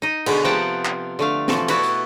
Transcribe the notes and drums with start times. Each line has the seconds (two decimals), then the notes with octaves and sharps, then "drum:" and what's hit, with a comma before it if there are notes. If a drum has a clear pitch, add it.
0.02 D#4 D#5
0.26 B2 D3 G#3 B3, drum: cymbal
0.44 C3 F3 B3 F#5 G5 A5
0.85 drum: clap
1.19 D3 A3 F5
1.48 B2 E3 F3 A4, drum: snare
1.68 B3 E4 F#4 A5, drum: cymbal
1.83 drum: tambourine